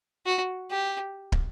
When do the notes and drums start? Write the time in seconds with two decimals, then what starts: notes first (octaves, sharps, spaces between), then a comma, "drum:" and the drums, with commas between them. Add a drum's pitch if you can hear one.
0.26 F#4
0.71 G4
1.32 drum: kick